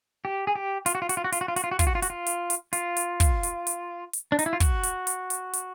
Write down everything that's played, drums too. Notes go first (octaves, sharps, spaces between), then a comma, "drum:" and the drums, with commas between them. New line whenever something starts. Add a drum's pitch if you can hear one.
G4
G#4
G4
F4, drum: hi-hat
F#4
F4
F#4, drum: hi-hat
F4
F#4
F4, drum: hi-hat
F#4
F4
F#4, drum: hi-hat
F4
F#4
F4, drum: kick, hi-hat
F#4
F4
F#4, drum: hi-hat
F4
drum: hi-hat
drum: hi-hat
F4, drum: hi-hat
drum: hi-hat
drum: kick, hi-hat
drum: hi-hat
drum: hi-hat
drum: hi-hat
D4
D#4, drum: hi-hat
E4
F4
F#4, drum: kick, hi-hat
drum: hi-hat
drum: hi-hat
drum: hi-hat
drum: hi-hat